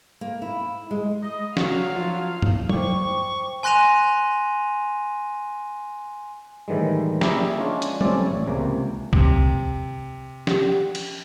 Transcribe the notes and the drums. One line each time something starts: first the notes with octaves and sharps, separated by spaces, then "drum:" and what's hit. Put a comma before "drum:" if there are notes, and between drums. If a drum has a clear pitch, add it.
A#3
E4
G#3
D#5
F#3 F#4 F5, drum: snare
F3 F4
drum: tom G2
C5 G5 C#6 D6, drum: tom
G#5 C6 F#6 A#6 D#7 F7
A2 D#3 E3 G3 G#3
A#3 E4 G4 G#4 A#4, drum: snare
G#3 C#4 D4 F4 C#5
drum: hi-hat
G3 A3 C4 C#4 D5, drum: tom
A1 C#5
C#2 C3 A#3
C3, drum: kick C2
G4 F#5, drum: snare
drum: cymbal